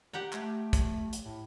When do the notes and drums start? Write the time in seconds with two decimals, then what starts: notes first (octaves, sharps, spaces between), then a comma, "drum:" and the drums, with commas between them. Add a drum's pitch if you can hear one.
0.13 G4 F#5 A#5
0.33 A3, drum: clap
0.73 drum: kick, hi-hat
1.13 drum: hi-hat
1.25 A2